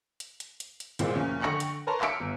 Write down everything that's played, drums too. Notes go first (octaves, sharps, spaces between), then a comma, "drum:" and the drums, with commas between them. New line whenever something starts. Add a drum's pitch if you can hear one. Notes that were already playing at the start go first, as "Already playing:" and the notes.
drum: hi-hat
drum: hi-hat
drum: hi-hat
drum: hi-hat
C2 A#2 G#3 C4, drum: hi-hat
F#1 F3 C#4
D3 G5 C#6 A#6 C#7 F#7, drum: clap
drum: hi-hat
A#4 B4 C#5 A5 A#5 C6
E5 F5 E6 B6 C#7 D7, drum: clap
G1